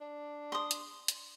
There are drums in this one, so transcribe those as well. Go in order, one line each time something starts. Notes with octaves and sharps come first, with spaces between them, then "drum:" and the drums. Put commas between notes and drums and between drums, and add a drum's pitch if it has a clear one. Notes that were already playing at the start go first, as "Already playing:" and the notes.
D4
C6 D#6
drum: hi-hat
drum: hi-hat